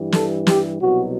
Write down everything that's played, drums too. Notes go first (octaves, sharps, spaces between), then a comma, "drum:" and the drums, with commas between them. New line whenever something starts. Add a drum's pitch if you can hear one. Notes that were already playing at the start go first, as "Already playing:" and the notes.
Already playing: G2 E3 G3
A4, drum: snare
G4, drum: snare
C2 B2 F#3 F#4